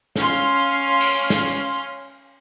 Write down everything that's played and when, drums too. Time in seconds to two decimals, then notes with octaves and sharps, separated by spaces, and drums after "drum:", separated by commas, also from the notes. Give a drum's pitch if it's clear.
0.16 C#4 F5 C6, drum: snare
1.01 drum: cymbal
1.30 drum: snare